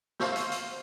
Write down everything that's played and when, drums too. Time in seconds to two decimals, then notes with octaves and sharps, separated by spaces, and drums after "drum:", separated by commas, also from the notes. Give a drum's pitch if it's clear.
0.20 C5 F5 C#6 E6 G6, drum: snare
0.36 drum: hi-hat
0.52 drum: hi-hat